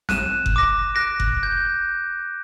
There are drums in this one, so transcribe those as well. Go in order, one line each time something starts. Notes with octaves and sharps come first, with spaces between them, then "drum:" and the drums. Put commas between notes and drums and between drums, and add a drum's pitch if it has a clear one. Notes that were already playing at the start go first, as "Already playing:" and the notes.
F#6 D#7 E7, drum: snare
drum: kick F#1
D6 A#6
F#6 A#6 D7
drum: kick F#1
G6